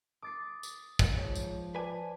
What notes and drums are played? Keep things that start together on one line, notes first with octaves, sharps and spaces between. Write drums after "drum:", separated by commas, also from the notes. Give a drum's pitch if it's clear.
D6 D#6 A6 C7
drum: tambourine
drum: kick, tambourine
G#2 F3 C#5
drum: tambourine
B4 D5 G#5 A5 D6